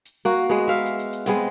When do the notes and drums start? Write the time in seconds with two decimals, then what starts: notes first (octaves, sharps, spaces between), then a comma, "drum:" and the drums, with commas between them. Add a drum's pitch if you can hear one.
0.05 drum: hi-hat
0.25 A#3 F#4
0.49 G#3 B3
0.68 E5 F5
0.86 drum: hi-hat
0.99 drum: hi-hat
1.13 drum: hi-hat
1.26 G#3 B3 C4, drum: snare